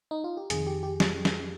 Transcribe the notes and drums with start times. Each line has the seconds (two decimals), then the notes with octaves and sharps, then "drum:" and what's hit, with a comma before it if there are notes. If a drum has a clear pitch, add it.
0.11 D#4
0.24 F4
0.37 G4
0.50 F2 C3 D#3 G#4, drum: hi-hat
0.67 G4
0.83 G4
1.00 drum: snare
1.25 drum: snare